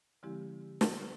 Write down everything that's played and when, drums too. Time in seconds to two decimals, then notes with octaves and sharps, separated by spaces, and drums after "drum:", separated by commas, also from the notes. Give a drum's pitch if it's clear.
0.23 D3 F3 G#3 C4 E4 G4
0.81 drum: snare